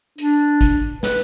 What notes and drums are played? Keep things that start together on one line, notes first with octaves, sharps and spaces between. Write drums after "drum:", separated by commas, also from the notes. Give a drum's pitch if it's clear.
D4, drum: hi-hat
drum: kick, hi-hat
B4, drum: snare